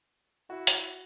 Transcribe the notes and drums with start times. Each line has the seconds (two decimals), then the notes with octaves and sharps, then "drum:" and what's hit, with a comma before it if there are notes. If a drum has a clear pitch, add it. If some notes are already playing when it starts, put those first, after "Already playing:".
0.50 E4 F#4
0.67 drum: hi-hat